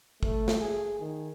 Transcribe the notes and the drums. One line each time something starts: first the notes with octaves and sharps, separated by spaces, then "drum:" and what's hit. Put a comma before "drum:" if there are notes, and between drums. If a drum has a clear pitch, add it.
A3, drum: kick
drum: snare
G#4
D#3